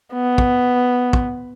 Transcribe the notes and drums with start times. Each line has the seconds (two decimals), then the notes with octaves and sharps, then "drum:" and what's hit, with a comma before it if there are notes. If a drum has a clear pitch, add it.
0.13 B3
0.38 drum: kick
1.13 drum: kick